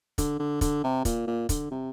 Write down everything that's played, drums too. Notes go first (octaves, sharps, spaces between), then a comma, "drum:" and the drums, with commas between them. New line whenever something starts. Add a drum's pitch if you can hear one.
D3, drum: kick, hi-hat
D3
D3, drum: kick, hi-hat
C3
A#2, drum: kick, hi-hat
A#2
D3, drum: kick, hi-hat
C3